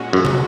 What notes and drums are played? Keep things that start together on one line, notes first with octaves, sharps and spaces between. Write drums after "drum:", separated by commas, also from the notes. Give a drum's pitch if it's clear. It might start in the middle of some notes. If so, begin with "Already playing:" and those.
Already playing: A#2 G#3 C#4 F#4
F#2
drum: tom